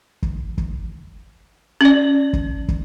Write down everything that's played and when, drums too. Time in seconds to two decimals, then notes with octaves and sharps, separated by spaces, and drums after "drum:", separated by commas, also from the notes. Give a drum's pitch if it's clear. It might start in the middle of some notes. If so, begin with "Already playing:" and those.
0.22 drum: kick
0.58 drum: kick
1.81 C#4 D5
2.33 drum: kick
2.68 drum: kick